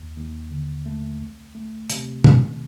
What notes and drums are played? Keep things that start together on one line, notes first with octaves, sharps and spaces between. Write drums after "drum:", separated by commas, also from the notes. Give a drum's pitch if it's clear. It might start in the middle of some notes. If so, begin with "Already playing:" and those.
Already playing: D#2
D#2
D3
A3
C2
A3
C3, drum: hi-hat
D#3, drum: tom B2